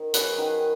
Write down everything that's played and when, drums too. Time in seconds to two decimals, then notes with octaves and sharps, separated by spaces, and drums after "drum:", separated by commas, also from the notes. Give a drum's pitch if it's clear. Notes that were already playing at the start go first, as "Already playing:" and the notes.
Already playing: D#3
0.14 F#3 G#4 B4, drum: hi-hat
0.38 D#3